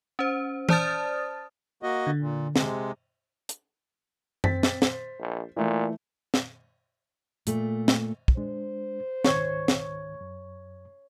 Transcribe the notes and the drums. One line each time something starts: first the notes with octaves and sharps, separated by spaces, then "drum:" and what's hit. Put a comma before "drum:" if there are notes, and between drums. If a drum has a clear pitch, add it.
C#4 C5
C5 D5 A5 D#6 F6 A6, drum: tom
A#3 F#4 D#5
D3
A#2
C3 G#3, drum: snare
drum: hi-hat
C4 A6 B6, drum: tom F#2
drum: snare
C5, drum: snare
A#1
A#2 E3 A3
drum: snare
A#2 A3, drum: hi-hat
drum: snare
drum: kick
G#3 D4 C5
C#2 G#2 D#3 C#5, drum: snare
drum: snare
F#2